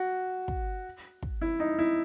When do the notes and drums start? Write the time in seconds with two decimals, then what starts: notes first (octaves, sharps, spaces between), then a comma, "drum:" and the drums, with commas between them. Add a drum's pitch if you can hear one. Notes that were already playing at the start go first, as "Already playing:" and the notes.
Already playing: F#4
0.48 drum: kick
1.22 drum: kick
1.41 E4
1.60 D#4
1.79 E4